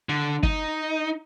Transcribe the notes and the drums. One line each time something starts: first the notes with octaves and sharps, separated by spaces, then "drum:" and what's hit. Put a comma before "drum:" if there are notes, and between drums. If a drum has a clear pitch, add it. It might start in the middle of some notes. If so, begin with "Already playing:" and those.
D3
D#4, drum: kick